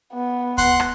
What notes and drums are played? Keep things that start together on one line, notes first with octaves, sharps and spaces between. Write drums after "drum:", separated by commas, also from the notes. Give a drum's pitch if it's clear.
B3
F#5 C6 F#6, drum: kick D2, hi-hat
drum: rim click